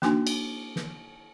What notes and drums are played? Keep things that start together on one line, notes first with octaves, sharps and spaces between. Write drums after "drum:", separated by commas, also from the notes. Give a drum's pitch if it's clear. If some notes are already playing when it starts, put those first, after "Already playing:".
A#3 D4 D#4 F#4 G#5, drum: snare
drum: cymbal
drum: snare